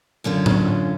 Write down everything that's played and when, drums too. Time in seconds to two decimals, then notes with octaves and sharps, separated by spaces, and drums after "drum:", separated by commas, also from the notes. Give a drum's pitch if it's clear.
0.24 F#2 D3 C#4 F4
0.46 drum: tom A2